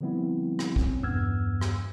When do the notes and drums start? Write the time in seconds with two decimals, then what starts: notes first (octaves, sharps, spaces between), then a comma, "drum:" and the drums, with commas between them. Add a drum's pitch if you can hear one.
0.01 D3 F3 G3 B3 C4 E4
0.59 drum: rim click
0.76 B2 C4 C#4, drum: kick
1.02 E2 G2 B3 E6 F6 G#6
1.61 drum: rim click